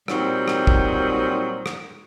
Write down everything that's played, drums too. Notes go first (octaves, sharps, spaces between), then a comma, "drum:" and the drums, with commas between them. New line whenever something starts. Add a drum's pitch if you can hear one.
A#2 F#3 G3 C4 D#4, drum: rim click
drum: rim click
drum: kick
drum: rim click